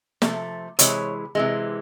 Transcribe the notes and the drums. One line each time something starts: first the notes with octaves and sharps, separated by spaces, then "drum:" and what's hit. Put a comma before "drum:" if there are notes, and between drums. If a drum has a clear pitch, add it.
C3 F3 A3, drum: snare
C3 E3 G#3 C#5, drum: hi-hat
C3 E3 G#3